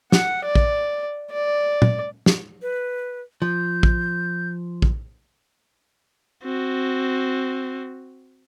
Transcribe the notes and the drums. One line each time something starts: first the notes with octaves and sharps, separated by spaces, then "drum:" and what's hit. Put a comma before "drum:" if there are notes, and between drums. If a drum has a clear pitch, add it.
F#5, drum: snare
D5
drum: kick A#1
D5
drum: tom A#2
drum: snare
B4
F3 G6
drum: kick A#1
drum: kick A#1
C4 F#4